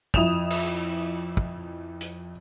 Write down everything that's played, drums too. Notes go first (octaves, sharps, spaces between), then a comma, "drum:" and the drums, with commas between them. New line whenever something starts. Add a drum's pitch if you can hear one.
F2 E4 D#6 E7 F7, drum: kick
drum: cymbal
drum: kick
drum: hi-hat